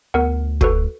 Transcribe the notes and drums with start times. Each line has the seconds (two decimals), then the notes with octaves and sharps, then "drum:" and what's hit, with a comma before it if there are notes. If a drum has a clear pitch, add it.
0.14 D2 B3 A#4 F#5
0.61 F#4 A4 B4, drum: kick